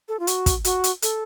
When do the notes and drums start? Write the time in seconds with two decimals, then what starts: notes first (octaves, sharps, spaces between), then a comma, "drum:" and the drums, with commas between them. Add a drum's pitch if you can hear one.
0.08 A4
0.19 F4
0.27 F#4, drum: hi-hat
0.46 drum: kick, hi-hat
0.65 F#4, drum: hi-hat
0.84 drum: hi-hat
1.02 A4, drum: hi-hat